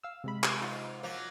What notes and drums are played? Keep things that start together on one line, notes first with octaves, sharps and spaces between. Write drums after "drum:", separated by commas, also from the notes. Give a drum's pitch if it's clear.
F5 E6
C3 G#3 B5
drum: clap
G#2 F4
F3 F#3 A#3